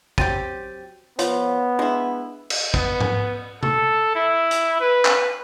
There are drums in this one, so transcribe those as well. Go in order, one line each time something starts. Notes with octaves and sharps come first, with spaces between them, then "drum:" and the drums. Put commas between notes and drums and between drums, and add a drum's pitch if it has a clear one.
F#3 C4 G4 G5 A6 D#7, drum: kick
F3 B3 F4 C#5, drum: hi-hat
G#3 D4 E4
drum: cymbal
B3, drum: kick
drum: tom G#2
A4, drum: tom C3
E4
drum: hi-hat
B4
drum: clap